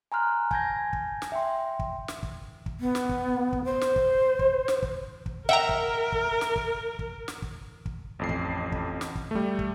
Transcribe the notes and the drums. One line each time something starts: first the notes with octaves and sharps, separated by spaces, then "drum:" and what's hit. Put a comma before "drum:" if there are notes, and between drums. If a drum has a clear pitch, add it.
G#5 A#5 C6 F6 F#6
G#5 A5 G6 G#6 A#6, drum: kick
drum: kick
drum: snare
E5 G5 C6
drum: kick
drum: snare
drum: kick
drum: kick
B3
drum: snare
drum: kick
drum: kick
C5
drum: snare
drum: kick
drum: kick
drum: snare
drum: kick
drum: kick
A#4 E5 F#5 G5 A#5
drum: kick
drum: kick
drum: snare
drum: kick
drum: kick
drum: snare
drum: kick
drum: kick
A1 F2 C7
drum: kick
drum: kick
drum: snare
drum: kick
G3 A3
drum: kick